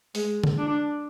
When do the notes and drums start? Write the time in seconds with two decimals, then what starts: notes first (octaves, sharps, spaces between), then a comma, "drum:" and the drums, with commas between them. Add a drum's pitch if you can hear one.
0.15 G#3, drum: open hi-hat
0.44 drum: tom D3
0.58 D4